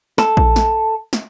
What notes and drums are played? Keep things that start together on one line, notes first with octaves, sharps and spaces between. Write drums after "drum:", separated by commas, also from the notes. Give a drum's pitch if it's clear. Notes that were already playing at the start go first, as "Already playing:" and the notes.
A4, drum: snare
drum: kick A#1
drum: snare
drum: snare